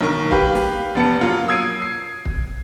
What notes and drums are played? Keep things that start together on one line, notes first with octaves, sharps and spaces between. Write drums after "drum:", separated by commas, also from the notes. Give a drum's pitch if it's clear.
B1 D#3 A#4 C#6
G4 B4 F5, drum: kick
drum: snare
F1 B3 A5 C#7
F#3 A#3 F4
D#6 E6 G#6 C7 D7 D#7
C7
drum: kick